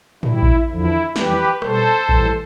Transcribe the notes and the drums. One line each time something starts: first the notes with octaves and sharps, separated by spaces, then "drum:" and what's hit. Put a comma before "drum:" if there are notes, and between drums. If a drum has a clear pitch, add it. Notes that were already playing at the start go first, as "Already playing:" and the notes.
B2 G3 E4, drum: tom
drum: kick A1
E2 D3 F3 E4
F2 E3 G3 G4 B4, drum: snare
B2 G3 A4 C5, drum: rim click
A2 E3 G3, drum: kick A1